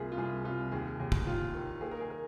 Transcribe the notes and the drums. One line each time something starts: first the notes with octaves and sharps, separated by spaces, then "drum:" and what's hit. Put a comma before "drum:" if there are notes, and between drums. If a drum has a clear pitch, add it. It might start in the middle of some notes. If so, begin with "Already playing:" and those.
Already playing: C2 A#3 F4 G#4
F4
C2 G#4
C2 F4
D#2 G#4
D#2 G#4
drum: kick
D#2 F4
D#3
A#3 G#4
A#4
G#4
A#4